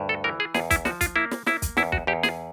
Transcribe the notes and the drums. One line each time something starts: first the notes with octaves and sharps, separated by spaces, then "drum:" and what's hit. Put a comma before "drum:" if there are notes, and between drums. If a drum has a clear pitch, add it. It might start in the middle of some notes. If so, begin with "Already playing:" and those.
Already playing: D2 G2
A4
E3 A#4
G#4
E2 G#4, drum: snare
E4, drum: kick, hi-hat
F3 F#4, drum: snare
F4, drum: kick, hi-hat
A#3 E4
drum: snare
A#3 E4, drum: snare
drum: kick, hi-hat
E2 E4, drum: snare
F#4, drum: kick
E2 G4
G#4, drum: snare